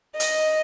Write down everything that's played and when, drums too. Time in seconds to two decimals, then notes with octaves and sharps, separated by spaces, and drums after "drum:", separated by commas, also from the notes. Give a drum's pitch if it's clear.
0.20 D#5, drum: hi-hat